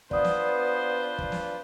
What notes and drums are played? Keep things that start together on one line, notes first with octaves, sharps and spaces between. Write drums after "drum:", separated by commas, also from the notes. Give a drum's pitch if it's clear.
B3 D4 F4 B4 C5 D5 D#6, drum: kick
drum: snare
drum: kick
drum: snare